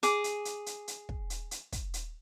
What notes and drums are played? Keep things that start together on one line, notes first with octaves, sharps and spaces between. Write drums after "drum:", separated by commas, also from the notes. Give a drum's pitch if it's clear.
G#4 D6, drum: hi-hat
drum: hi-hat
drum: hi-hat
drum: hi-hat
drum: hi-hat
drum: kick
drum: hi-hat
drum: hi-hat
drum: kick, hi-hat
drum: hi-hat